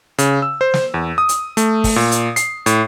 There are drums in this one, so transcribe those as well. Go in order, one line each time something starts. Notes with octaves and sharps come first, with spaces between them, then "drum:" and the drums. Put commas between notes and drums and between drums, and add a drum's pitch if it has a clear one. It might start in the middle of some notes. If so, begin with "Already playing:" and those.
C#3, drum: hi-hat
E6
C5
drum: snare
E2
D#6
drum: hi-hat
A3, drum: hi-hat
drum: kick, open hi-hat
A#2
drum: hi-hat
C7, drum: hi-hat
A2, drum: hi-hat